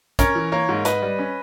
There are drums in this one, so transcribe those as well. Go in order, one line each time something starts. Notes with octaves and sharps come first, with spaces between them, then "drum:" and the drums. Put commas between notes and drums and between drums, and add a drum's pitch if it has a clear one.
C#4 A#4 C#5, drum: kick, hi-hat
E3
A#3 A#4 C#5
G#2
G#2 B4 D#5, drum: hi-hat
G3
C#4